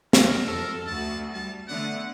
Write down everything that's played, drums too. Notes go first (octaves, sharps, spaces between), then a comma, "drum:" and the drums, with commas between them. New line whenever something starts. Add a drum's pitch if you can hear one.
A#4, drum: snare
F2 A4 A#4
D2 F#4 A5
G3 A5
D3 A3 B3 F#5